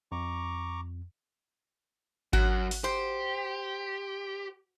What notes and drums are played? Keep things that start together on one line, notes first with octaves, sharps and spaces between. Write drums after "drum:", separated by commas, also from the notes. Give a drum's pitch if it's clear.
F2 A#5 C#6 D6
F#2 F#4, drum: kick G#1
drum: open hi-hat
G4 C5